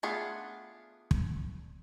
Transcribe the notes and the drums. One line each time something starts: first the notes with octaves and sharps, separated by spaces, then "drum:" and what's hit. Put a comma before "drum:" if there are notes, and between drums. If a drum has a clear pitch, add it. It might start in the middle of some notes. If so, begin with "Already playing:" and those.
A3 B3 D4 F4 G#4
drum: kick